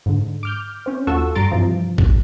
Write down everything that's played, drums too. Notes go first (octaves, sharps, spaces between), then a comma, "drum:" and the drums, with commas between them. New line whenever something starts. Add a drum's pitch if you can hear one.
G#2 D3
D6 F6 G6
C4 C#4
D#2 F4 F#4 A4 C#6 E6
G2 G3 A#5 C6 A6 D7
G2 C3 E3 F3
drum: kick